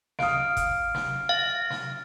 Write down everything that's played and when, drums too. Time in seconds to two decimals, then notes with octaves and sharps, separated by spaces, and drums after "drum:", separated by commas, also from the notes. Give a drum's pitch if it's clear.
0.19 F5 D#6 F6 D7, drum: snare
0.57 drum: kick G1, hi-hat
0.95 drum: snare
1.29 F5 A6
1.70 drum: snare